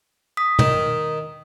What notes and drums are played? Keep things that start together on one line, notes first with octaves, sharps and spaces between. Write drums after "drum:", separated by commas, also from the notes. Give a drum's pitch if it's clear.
D#6 B6
D#3, drum: tom